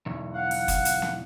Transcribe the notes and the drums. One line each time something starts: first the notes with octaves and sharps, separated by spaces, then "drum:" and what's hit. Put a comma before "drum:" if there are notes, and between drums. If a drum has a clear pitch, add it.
B1 E2
F5 F#5
drum: open hi-hat
drum: kick F#1, hi-hat
drum: hi-hat
drum: snare